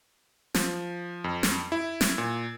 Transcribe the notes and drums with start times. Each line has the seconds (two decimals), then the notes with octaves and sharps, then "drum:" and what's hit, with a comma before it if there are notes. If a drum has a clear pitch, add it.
0.54 F3, drum: snare
1.24 F2
1.43 drum: snare
1.72 E4
2.01 drum: snare
2.18 A#2